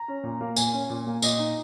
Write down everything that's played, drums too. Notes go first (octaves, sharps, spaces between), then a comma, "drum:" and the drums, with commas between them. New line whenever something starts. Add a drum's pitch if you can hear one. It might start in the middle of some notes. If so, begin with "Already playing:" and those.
Already playing: A#5
C#4
A#2
A#3
A#2 G#5, drum: tambourine
C#4
A#2
A#3
A#2 D#5, drum: tambourine
D#4